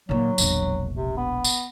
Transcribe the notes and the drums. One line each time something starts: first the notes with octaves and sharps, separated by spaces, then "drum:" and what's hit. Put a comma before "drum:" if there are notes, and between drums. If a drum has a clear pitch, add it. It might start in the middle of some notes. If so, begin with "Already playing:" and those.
A#2 D#3 F#3
E1 A#1, drum: tambourine
C3
B3
drum: tambourine